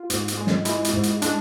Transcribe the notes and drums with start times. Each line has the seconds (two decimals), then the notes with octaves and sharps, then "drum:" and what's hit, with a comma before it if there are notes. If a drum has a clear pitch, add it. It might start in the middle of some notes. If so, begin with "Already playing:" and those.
Already playing: F4
0.10 G#2, drum: hi-hat
0.28 drum: hi-hat
0.37 G#3
0.47 drum: snare
0.65 G#3 E4, drum: hi-hat
0.84 drum: hi-hat
0.93 G#2
1.03 drum: hi-hat
1.22 G#3 D4, drum: hi-hat